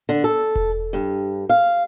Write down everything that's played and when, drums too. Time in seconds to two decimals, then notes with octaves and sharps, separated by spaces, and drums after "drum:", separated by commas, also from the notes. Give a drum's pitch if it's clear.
0.09 D3
0.24 A4
0.56 drum: kick E1
0.93 G2
1.49 F5